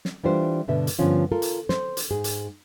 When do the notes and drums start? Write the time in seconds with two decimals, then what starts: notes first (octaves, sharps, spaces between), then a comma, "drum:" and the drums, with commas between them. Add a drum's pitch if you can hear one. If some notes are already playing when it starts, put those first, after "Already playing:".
0.05 drum: snare
0.24 E3 G3 D4 F4 A4 C5
0.68 G2 B2 D3 E5
0.87 drum: hi-hat
0.99 G2 D3 F3 B3 C#4 F4
1.32 F4 A4 A#4
1.42 drum: hi-hat
1.69 C5, drum: snare
1.97 drum: hi-hat
2.11 G#2 G#4
2.24 drum: hi-hat